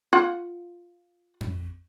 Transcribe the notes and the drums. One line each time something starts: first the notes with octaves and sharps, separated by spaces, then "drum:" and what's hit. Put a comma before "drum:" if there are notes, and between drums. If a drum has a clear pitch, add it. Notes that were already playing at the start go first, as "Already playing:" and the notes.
F4 F#5
drum: tom F2